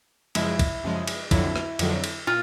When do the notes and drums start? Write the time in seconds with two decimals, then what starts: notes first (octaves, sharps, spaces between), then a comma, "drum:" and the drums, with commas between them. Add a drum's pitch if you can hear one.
0.35 F#2 C#3 F3 G#3 E4, drum: cymbal
0.59 drum: kick, cymbal
0.84 F#2 C#3 F3 G#3
1.08 drum: cymbal
1.31 F2 D3 F#3 E4, drum: kick, cymbal
1.56 drum: rim click
1.79 F2 D3 F#3, drum: cymbal
2.04 drum: cymbal
2.27 A#2 F4